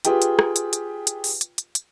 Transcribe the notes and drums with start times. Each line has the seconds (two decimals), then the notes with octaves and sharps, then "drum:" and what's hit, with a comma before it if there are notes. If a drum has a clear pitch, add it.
0.05 F4 G4 G#4 B4 G5, drum: hi-hat
0.22 drum: hi-hat
0.39 drum: rim click
0.56 drum: hi-hat
0.73 drum: hi-hat
1.07 drum: hi-hat
1.24 drum: open hi-hat
1.41 drum: hi-hat
1.58 drum: hi-hat
1.75 drum: hi-hat